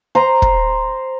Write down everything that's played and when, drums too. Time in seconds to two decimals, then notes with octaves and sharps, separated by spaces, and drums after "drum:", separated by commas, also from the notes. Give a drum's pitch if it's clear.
0.15 C5 A#5
0.42 drum: kick